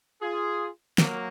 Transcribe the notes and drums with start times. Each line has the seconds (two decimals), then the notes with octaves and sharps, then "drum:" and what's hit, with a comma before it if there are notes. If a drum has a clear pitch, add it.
0.21 F4 G#4
0.98 F#3 A#3, drum: snare